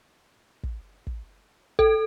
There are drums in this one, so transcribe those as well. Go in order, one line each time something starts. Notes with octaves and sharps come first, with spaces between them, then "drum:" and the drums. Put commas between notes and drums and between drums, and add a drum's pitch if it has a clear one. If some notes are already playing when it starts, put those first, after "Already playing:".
drum: kick
drum: kick
A4, drum: kick